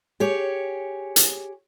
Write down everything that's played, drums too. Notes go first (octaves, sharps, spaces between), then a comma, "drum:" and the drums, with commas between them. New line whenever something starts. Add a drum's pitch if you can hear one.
G4 G#4 C#5
drum: hi-hat